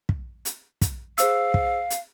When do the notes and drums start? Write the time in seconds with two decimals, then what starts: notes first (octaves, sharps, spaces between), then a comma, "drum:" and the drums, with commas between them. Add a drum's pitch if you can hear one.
0.09 drum: kick
0.45 drum: hi-hat
0.81 drum: kick, hi-hat
1.18 G#4 C5 F5 E6, drum: hi-hat
1.54 drum: kick
1.90 drum: hi-hat